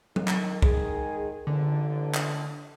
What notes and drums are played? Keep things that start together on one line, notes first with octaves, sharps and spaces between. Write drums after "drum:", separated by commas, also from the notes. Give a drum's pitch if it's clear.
D#3, drum: tom F#3
drum: clap
D#3 G#3 G#4, drum: kick C2
A1 D3
drum: clap